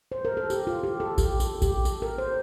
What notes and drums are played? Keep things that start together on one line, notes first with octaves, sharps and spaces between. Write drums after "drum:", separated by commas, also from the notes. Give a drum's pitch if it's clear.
C5
A#4
A4
G4, drum: tambourine
F4
G4
A4
G4, drum: kick A1, tambourine
A4, drum: tambourine
G4, drum: kick A1, tambourine
A4, drum: tambourine
A#4
C5